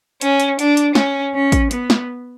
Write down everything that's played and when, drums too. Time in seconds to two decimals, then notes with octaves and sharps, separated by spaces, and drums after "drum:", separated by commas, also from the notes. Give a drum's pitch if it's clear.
0.21 C#4, drum: hi-hat
0.40 drum: hi-hat
0.59 D4, drum: hi-hat
0.77 drum: hi-hat
0.95 C#4, drum: snare
1.34 C#4
1.52 drum: kick, hi-hat
1.71 B3, drum: hi-hat
1.90 drum: snare